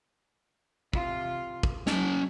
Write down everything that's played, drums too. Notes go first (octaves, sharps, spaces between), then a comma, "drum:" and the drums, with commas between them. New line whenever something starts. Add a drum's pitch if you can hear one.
C3 F4, drum: kick
drum: kick
F#3 C#4 A5, drum: snare